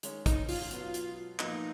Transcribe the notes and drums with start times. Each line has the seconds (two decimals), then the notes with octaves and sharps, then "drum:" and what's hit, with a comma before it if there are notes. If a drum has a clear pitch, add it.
0.03 D#3 G#3 C#4, drum: hi-hat
0.26 D#4, drum: kick, hi-hat
0.49 F4, drum: open hi-hat
0.71 B2 F#3 B3, drum: hi-hat
0.94 drum: hi-hat
1.39 A#2 F3 B3 D#4, drum: clap